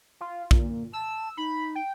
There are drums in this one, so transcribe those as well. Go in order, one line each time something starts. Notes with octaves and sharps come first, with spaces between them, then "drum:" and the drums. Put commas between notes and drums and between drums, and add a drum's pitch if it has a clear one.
F4
A#2, drum: kick
A5 E6
D#4 B5
G5